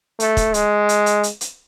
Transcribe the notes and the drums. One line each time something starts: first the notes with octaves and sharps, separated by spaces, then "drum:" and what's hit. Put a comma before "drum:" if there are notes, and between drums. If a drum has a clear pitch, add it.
A3, drum: hi-hat
drum: kick, hi-hat
G#3, drum: hi-hat
drum: hi-hat
drum: hi-hat
drum: hi-hat
drum: hi-hat